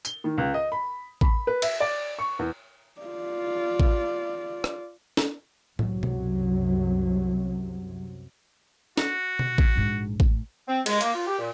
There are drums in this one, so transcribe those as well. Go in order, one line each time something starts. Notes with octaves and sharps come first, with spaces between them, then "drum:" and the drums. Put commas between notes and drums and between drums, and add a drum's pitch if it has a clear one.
G7, drum: tambourine
D#3
C#2
D#5
B5
B5, drum: kick A1
B4
E5, drum: cymbal
D5
C#6
E2
F4 D5
drum: kick A1
drum: rim click
drum: snare D4
C2 F#2 C3 F#3, drum: tom A2
drum: tom B2
F#4, drum: snare D4
drum: tom B2
drum: kick A1
A#1 G#2
A2, drum: kick A1
C4
G#3, drum: cymbal
A#3, drum: hi-hat
F4
G4
A#2